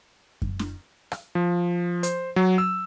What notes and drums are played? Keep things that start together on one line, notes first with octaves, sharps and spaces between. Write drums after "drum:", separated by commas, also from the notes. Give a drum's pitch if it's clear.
drum: kick F#2
drum: snare
drum: rim click
F3
C5, drum: hi-hat
F#3
E6